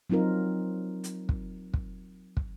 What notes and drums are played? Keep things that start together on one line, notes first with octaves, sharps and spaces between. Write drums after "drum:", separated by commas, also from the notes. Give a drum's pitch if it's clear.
F#3 C4 D#4 F4 A#4
drum: hi-hat
drum: kick
drum: kick
drum: kick